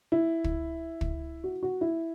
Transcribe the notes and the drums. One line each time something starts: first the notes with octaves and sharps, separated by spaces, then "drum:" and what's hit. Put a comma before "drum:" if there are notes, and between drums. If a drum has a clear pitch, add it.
E4
drum: kick
drum: kick
F#4
F#4
E4